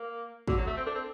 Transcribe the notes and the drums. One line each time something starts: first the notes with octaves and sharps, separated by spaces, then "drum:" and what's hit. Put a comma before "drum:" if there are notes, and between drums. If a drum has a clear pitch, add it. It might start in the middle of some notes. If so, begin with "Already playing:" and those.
Already playing: A#3
D3 F#4, drum: kick
F#3
A3
C4
D4 A4
C4